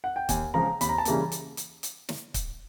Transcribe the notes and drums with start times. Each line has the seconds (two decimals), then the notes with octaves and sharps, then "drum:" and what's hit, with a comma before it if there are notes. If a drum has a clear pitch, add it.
0.04 F#5
0.16 G5
0.29 D#2 G#5, drum: kick C#1, hi-hat
0.54 C#3 F3 G#3 A#5
0.81 D#2 B5, drum: hi-hat
0.89 A#5
0.98 A5
1.05 C#3 E3 G3 A#3 A#5, drum: hi-hat
1.32 drum: hi-hat
1.57 drum: hi-hat
1.83 drum: hi-hat
2.09 drum: snare
2.34 drum: kick C#1, hi-hat